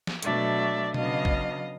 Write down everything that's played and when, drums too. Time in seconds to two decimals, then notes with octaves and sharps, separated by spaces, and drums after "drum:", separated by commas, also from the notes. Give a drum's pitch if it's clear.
0.07 drum: snare
0.23 B2 F#3 A3 D4 D5 E5, drum: hi-hat
0.94 C#3 F#3 B3 D4 D#5 F5, drum: tom B2
1.25 drum: kick